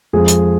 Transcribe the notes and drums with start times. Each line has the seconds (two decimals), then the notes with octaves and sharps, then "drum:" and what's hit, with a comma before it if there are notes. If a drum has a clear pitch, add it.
0.13 F2 F3 G#3 G#4
0.28 drum: hi-hat